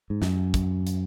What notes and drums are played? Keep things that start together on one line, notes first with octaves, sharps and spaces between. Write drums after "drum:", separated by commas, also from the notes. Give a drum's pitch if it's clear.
G#2
F#2, drum: snare
drum: kick, hi-hat
drum: hi-hat